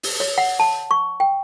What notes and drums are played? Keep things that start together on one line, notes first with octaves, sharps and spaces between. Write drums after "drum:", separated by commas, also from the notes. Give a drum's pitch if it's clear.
drum: open hi-hat
C#5
F#5
A5
C#6
G5